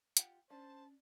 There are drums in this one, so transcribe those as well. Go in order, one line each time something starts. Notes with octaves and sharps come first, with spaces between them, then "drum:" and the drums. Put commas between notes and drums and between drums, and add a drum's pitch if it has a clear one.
F4 G4 F#5, drum: hi-hat
C#4 D4 C5 A5